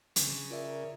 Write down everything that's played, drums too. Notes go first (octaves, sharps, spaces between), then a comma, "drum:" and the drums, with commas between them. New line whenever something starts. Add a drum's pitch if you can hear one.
C#3, drum: hi-hat
F4 A#4 D5 E5